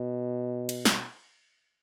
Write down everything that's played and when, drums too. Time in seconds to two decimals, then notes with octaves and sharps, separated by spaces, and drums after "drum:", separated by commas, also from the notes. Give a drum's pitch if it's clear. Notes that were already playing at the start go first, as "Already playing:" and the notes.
Already playing: B2
0.69 drum: cymbal
0.85 drum: snare